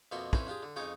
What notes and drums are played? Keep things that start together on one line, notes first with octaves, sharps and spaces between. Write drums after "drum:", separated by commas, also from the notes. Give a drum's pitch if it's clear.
F2 B2 A#3 E5 C6 C#6
F2 E3 C#4 B4 C5, drum: kick
D4 F4 G4 G#4
D3
F2 C#3 D#4 C#5 G#5 D6